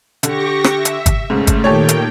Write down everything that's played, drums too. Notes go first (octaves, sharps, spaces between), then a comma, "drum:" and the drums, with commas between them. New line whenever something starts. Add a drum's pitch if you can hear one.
D3 G4 C#6 A#6, drum: hi-hat
drum: rim click
E5
drum: hi-hat
drum: kick, hi-hat
G#2 C#3 A3
drum: kick, hi-hat
A#2 D#3 G4 A4 C#5 G5
drum: hi-hat